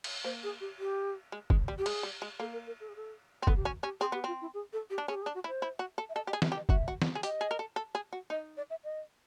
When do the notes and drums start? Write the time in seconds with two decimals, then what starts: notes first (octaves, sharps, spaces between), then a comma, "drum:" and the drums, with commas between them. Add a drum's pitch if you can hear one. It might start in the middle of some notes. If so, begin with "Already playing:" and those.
0.04 drum: cymbal
0.24 A#3 C5
0.43 G#4
0.61 G4
0.79 G4
1.32 G#3
1.50 G#3, drum: kick
1.68 G3
1.78 G4
1.86 G#3 G#4, drum: cymbal
2.03 G3
2.22 G#3
2.40 A#3 A4
2.53 A#4
2.67 A#4
2.80 A4
2.89 G#4
2.96 A4
3.42 C4
3.47 B3 A4, drum: kick
3.57 G4
3.65 C#4 F#4
3.83 C#4 G4
4.00 C4 G#4
4.12 B3 G4
4.24 C4 F4
4.41 E4
4.54 G#4
4.73 A4
4.90 G4
4.98 D4
5.08 C#4 G#4
5.14 G4
5.22 G#4
5.26 D4
5.35 F#4
5.44 E4
5.48 C5
5.62 E4
5.79 F#4
5.98 A4
6.09 E5
6.15 A4 D#5
6.27 G4 D#5
6.33 G#4
6.42 E5, drum: snare
6.52 G4
6.56 D#5
6.69 F#4 E5, drum: kick
6.88 F#4
7.02 drum: snare
7.15 G#4
7.23 G4 D#5, drum: hi-hat
7.41 G#4
7.51 A#4
7.59 A4
7.76 A4
7.95 G#4
8.13 F#4
8.30 D#4 D#5
8.57 D5
8.70 E5
8.84 D#5